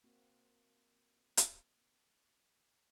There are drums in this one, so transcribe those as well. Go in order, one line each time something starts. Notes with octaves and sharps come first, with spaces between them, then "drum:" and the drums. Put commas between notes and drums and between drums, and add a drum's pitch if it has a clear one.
A#3 C4 F#4
drum: hi-hat